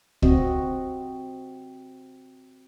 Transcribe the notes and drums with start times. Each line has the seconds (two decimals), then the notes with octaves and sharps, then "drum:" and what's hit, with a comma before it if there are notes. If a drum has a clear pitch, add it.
0.22 C4 F#4 D#5, drum: kick